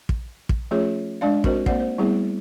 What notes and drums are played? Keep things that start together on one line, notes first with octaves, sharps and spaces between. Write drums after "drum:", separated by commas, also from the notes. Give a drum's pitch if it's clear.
drum: kick
drum: kick
F3 A3 C#4 F4 G#4 C#5
G#3 D4 D5 F5
C4 F#4 A#4 C5 D#5, drum: kick
A#3 C4 C5 D5 F#5, drum: kick
C5
G3 A3 B3 C4 E4 G#4